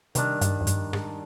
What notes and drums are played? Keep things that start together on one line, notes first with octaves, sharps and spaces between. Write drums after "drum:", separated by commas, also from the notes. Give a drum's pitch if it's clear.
C3 D#3 G3 D4, drum: hi-hat
G2, drum: hi-hat
F2
G2, drum: hi-hat
G#2, drum: rim click